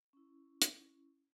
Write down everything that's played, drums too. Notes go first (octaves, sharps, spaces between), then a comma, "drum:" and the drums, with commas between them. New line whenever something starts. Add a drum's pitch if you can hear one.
C#4 E4
drum: hi-hat